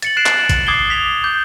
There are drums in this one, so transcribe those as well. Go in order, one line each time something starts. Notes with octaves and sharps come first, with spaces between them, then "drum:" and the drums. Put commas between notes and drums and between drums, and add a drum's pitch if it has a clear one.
A6 C#7 F#7, drum: hi-hat
F#6 C7 D7 E7
drum: clap
F#7
drum: kick A1, hi-hat
D6 D#6 G#6 C7 D7 G7
B6 F7
D6 G6